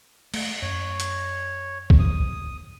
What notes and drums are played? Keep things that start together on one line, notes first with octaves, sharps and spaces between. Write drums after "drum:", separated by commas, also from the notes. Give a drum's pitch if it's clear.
A3, drum: cymbal
F#2 C#5
drum: hi-hat
drum: kick
D#6